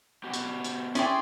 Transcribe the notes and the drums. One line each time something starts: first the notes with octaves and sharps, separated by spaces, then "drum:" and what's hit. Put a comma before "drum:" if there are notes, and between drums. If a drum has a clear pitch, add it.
B3 F#4 G4
drum: hi-hat
drum: hi-hat
C#4 E4 G4 G#4 D5 C6, drum: hi-hat